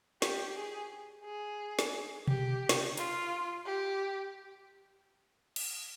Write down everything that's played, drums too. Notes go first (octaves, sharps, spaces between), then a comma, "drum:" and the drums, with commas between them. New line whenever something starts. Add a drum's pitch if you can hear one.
G4, drum: snare
G#4
G#4
drum: snare
G4, drum: tom B2
drum: snare
F4, drum: hi-hat
G4
drum: cymbal